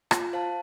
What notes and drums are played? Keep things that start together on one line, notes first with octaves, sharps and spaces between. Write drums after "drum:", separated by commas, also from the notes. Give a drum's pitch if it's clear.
F4, drum: rim click
C5 F5 A5